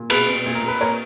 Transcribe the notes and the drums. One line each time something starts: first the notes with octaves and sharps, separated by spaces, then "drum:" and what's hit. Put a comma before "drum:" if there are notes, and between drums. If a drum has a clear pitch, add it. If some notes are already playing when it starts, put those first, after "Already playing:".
Already playing: A#2
B2 G#4 B4, drum: cymbal
B2
A#2
A#4
A#2
B4
A#2 A#4 C#5